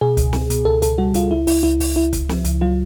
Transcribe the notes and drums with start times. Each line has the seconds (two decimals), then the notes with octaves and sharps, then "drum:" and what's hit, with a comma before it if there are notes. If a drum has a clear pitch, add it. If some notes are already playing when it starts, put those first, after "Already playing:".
0.01 B2 G#4
0.17 C#2, drum: kick, hi-hat
0.33 C#2, drum: snare
0.50 B2, drum: hi-hat
0.65 C#2 A4
0.82 C#2 A4, drum: hi-hat
0.98 G3 F#4
1.14 C#2 F4, drum: hi-hat
1.31 C#2 E4
1.47 C#2 E4, drum: open hi-hat
1.63 C#2 E4
1.80 C#2, drum: open hi-hat
1.96 C#2 E4
2.13 C#2, drum: kick, hi-hat
2.29 F3, drum: snare
2.44 C#2, drum: hi-hat
2.61 F#3 F4